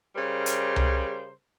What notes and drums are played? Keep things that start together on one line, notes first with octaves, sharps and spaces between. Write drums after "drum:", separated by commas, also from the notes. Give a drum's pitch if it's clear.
C#3 G3 A#4 C5
drum: hi-hat
drum: tom C2